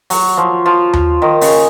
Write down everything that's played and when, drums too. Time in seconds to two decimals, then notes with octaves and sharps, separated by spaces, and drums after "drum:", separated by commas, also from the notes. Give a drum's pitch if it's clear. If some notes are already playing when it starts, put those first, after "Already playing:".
0.10 F#3, drum: open hi-hat
0.37 F3
0.66 F3
0.93 drum: tom D#2
1.22 D#3
1.41 C#3, drum: open hi-hat